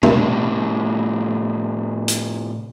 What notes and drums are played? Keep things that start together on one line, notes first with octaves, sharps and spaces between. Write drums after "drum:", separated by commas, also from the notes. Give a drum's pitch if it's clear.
A2 C3, drum: tom B2
drum: hi-hat